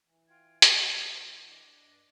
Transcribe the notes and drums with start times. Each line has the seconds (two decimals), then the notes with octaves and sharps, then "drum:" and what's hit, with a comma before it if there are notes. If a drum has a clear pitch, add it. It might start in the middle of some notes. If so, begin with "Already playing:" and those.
0.03 E3
0.28 F4 G5 G#6
0.62 drum: hi-hat
0.72 C5 B5
1.49 D4 D#5
1.80 G2